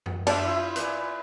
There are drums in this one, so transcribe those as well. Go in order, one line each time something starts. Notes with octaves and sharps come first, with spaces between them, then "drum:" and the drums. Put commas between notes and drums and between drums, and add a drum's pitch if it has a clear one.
drum: tom F#2
D4 C5 E5 D6, drum: cymbal
E4 F4
B4 D5 G#5, drum: hi-hat